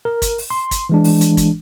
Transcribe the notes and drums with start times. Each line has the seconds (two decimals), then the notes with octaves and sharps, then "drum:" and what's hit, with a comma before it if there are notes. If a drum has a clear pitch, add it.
0.05 A#4
0.22 drum: kick, hi-hat
0.38 drum: open hi-hat
0.50 C6
0.71 drum: kick, hi-hat
0.89 E3 G#3 D4
1.04 drum: open hi-hat
1.21 drum: hi-hat
1.37 drum: kick, hi-hat